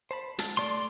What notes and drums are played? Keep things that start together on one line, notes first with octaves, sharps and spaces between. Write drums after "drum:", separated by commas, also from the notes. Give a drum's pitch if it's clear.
C5 A5 B5
G#3 F#4 A5, drum: hi-hat
A3 D5 C6